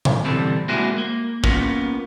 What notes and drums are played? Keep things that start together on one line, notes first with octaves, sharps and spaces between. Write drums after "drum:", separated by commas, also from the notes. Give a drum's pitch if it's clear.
drum: tom A#2
D3 E3 G3 C4 A4
G#3 A#3 C4 E4 F#4 G#4
A#3
A#3 B3 C#4 F4 A#4, drum: kick